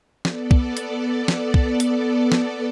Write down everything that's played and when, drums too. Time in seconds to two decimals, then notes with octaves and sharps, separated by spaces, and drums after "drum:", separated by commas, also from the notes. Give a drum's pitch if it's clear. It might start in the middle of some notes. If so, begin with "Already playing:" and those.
0.25 B3 A4 D5, drum: snare
0.51 drum: kick
0.77 drum: hi-hat
1.28 drum: snare
1.54 drum: kick
1.80 drum: hi-hat
2.32 drum: snare